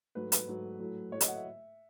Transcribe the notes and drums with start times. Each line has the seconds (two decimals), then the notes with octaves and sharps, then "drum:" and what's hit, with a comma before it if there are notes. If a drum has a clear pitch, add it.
0.15 G#2 F#3 A3 B4
0.32 B4, drum: hi-hat
0.47 G#2 F#3 A3
0.80 A2 F#3 A3
1.12 A2 F#3 A3 C#5
1.21 D#5, drum: hi-hat
1.28 F#5
1.36 E5